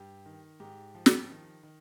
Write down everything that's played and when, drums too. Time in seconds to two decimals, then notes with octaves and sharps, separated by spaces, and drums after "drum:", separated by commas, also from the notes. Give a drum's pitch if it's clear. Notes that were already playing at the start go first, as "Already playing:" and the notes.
Already playing: G2 G4
0.26 D#3
0.60 G#2 G4
0.95 F3
1.06 drum: snare
1.30 D#3
1.63 D#3